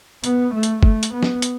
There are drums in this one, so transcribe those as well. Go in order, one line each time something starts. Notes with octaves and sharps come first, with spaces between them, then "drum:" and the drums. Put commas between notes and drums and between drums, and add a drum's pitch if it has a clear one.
B3, drum: hi-hat
A3
drum: hi-hat
A3, drum: kick F#1
drum: hi-hat
B3
drum: snare
drum: hi-hat